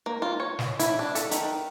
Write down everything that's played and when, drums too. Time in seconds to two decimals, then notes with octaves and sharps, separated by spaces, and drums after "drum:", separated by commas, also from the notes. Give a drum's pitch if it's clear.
0.06 A#3
0.22 F4
0.40 C#5
0.59 drum: snare
0.79 E4, drum: hi-hat
0.99 D4
1.15 A4, drum: hi-hat
1.31 D#3, drum: hi-hat